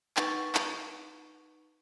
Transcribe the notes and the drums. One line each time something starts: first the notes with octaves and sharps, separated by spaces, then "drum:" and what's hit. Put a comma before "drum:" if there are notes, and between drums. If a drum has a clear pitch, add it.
D#4 B4 F#5 C#6 A6, drum: clap
drum: clap